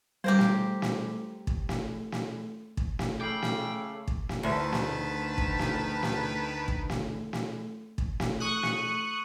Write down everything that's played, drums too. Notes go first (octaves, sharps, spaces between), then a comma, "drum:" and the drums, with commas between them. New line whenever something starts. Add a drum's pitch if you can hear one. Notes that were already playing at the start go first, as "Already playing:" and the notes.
G3 G4 A#4 C5
drum: snare
drum: snare
drum: kick
drum: snare
drum: snare
drum: kick
drum: snare
C#3 A3 G5 D6 C7 F#7
drum: snare
drum: kick
drum: snare
D2 D#3 B4 A5
drum: snare
drum: kick
drum: snare
drum: snare
drum: kick
drum: snare
drum: snare
drum: kick
drum: snare
C#6 D#6 F#6
drum: snare